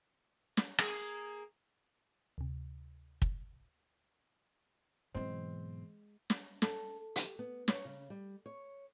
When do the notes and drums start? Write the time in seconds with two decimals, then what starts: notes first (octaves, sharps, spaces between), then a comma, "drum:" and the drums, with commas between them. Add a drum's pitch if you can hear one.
0.57 drum: snare
0.79 A#3 G#4, drum: rim click
2.38 D2 C3
3.22 drum: kick
5.15 G#2 B2 E3 F#3 G#3 B3 C4
6.30 drum: snare
6.62 A4, drum: snare
7.16 G4, drum: hi-hat
7.39 B3
7.68 C#5, drum: snare
7.85 C#3
8.10 G3
8.46 C#5